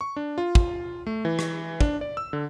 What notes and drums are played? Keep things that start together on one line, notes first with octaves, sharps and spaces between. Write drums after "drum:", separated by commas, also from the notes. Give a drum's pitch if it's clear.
C#6
D4
F4
drum: kick
A3
E3
drum: rim click
D4, drum: kick
D5
E6
D3